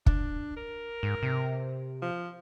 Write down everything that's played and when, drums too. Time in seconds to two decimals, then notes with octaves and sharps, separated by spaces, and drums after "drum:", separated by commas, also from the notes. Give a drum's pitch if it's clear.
0.06 D4, drum: kick
0.57 A#4
1.03 G#2
1.23 C3
2.02 F3